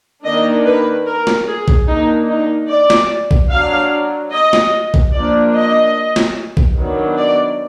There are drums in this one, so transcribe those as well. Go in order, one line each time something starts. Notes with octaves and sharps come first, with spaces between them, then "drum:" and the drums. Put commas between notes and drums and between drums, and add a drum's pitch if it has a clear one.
D#3 A#3 D4 D#5
B4
A#4
drum: snare
G#4
drum: kick A#1
D#3 A#3 D4 D#4
D#4
D5
drum: snare
drum: kick A#1
F#3 D4 F5
D#5
drum: snare
drum: kick A#1
F3 A#3 D4 D5
D#5
drum: snare
drum: kick A#1
D#3 F#3 B3 D4
D5